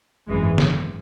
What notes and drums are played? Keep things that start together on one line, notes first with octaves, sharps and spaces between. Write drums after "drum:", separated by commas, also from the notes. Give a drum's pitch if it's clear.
G#1 F#2 E3 G#3
drum: snare